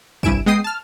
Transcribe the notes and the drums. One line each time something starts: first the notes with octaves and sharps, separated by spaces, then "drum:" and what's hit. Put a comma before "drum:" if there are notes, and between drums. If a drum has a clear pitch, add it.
C2 G2 E4 G#5 D7 E7, drum: kick
G#3 B3 D#5 G5 D#6 C7
A5 F6